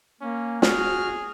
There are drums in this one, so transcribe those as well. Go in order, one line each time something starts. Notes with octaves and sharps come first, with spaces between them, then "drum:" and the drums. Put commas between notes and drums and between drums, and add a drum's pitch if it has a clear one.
A#3 C#4
F#4 G#4 F6, drum: snare